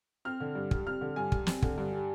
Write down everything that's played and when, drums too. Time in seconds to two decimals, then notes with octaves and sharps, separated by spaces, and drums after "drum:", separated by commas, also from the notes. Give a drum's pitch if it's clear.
0.25 C4 F6
0.40 D3
0.55 G2
0.71 G3, drum: kick
0.86 C4 F6
1.01 D3
1.16 G2 G#5
1.32 G3, drum: kick
1.47 C4, drum: snare
1.62 D3, drum: kick
1.78 G2
1.92 G3